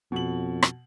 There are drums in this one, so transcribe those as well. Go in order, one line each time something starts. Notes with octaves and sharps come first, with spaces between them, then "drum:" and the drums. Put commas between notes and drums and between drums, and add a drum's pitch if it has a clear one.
F2 B2 F#7
drum: rim click